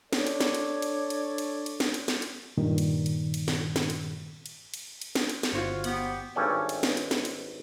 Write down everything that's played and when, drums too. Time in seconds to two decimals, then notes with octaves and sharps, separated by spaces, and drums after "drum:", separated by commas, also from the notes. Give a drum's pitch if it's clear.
0.13 D4 A4 C#5 D5, drum: snare
0.27 drum: cymbal
0.40 drum: snare
0.54 drum: cymbal
0.82 drum: cymbal
1.10 drum: cymbal
1.38 drum: cymbal
1.66 drum: cymbal
1.80 drum: snare
1.94 drum: cymbal
2.08 drum: snare
2.22 drum: cymbal
2.57 G2 A#2 D#3
2.78 drum: cymbal
3.06 drum: cymbal
3.34 drum: cymbal
3.48 drum: snare
3.76 drum: snare
3.90 drum: cymbal
4.46 drum: cymbal
4.74 drum: cymbal
5.01 drum: cymbal
5.15 drum: snare
5.29 drum: cymbal
5.43 drum: snare
5.52 G1 F4 F#4 C5 C#5
5.84 B3 G4 F#5, drum: cymbal
6.35 G#1 G2 C#4 A4 D5 G5
6.69 drum: cymbal
6.83 drum: snare
6.97 drum: cymbal
7.11 drum: snare
7.25 drum: cymbal